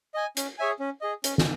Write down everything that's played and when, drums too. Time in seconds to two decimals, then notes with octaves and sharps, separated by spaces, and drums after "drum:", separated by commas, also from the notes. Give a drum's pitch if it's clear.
0.14 D#5 G#5
0.37 C#4, drum: hi-hat
0.58 G#4 C#5 E5 G#5
0.80 C#4
1.01 G#4 D#5
1.24 C#4, drum: hi-hat
1.38 drum: snare